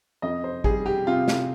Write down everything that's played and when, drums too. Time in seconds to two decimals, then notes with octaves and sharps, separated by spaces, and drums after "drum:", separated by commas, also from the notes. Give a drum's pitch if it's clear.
0.22 F2 D#5
0.44 C5
0.64 G3 G#4, drum: kick G#1
0.86 G4
1.07 C3 F4
1.28 drum: snare